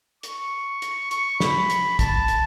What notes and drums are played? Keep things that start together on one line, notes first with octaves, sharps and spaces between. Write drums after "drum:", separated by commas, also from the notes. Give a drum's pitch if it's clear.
C#6, drum: hi-hat
drum: hi-hat
C#6, drum: hi-hat
B5, drum: snare
drum: hi-hat
A5, drum: kick, hi-hat
drum: hi-hat